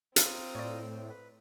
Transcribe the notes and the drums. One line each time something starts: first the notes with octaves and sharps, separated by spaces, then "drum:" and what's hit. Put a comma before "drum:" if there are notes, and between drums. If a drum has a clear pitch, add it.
C4 F4 A#5 D#6, drum: hi-hat
A2 C#5 D5
B4